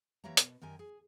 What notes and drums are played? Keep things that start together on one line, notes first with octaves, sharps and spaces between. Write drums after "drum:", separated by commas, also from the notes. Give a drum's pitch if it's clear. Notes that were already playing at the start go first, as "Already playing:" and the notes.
E3 A#3 G4 C#5 E5 A#5
B2, drum: hi-hat
F#2 D#3 G4 A#4 G#5
G#4